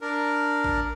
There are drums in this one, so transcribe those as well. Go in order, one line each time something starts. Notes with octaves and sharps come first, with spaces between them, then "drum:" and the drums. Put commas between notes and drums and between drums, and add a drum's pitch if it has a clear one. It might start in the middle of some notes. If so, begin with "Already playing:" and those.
D4 A#4
drum: kick G#1